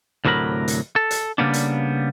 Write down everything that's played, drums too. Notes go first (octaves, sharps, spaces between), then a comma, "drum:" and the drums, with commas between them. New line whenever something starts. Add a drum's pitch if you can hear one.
D2 A2 C3 F#3 A#4 B5
drum: hi-hat
A4
drum: hi-hat
C#3 G3 A#3 B3 D4
drum: hi-hat